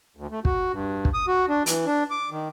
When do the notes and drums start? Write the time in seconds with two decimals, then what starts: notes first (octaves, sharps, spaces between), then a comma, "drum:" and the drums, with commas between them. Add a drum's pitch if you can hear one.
0.17 D2
0.31 A3
0.45 F#4, drum: kick
0.72 G2
1.05 drum: kick
1.14 D#6
1.28 F#4
1.49 D4
1.66 E3, drum: hi-hat
1.86 D4
2.11 D6
2.31 D#3